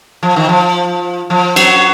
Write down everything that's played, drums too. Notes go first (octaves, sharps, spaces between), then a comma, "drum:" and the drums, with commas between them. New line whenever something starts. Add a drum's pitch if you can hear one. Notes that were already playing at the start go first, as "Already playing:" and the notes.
F3
D#3
F3
F3
F#3, drum: cymbal